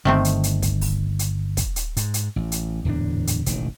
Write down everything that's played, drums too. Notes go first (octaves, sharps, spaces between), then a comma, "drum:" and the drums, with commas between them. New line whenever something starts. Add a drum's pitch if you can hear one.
G1 D#3 A3 C4
drum: hi-hat
drum: hi-hat
drum: kick, hi-hat
drum: open hi-hat
drum: hi-hat
drum: kick, hi-hat
drum: hi-hat
G#2, drum: hi-hat
drum: hi-hat
A1
drum: hi-hat
D1 E2 G#2 D4
drum: hi-hat
E1 A1 D#3, drum: hi-hat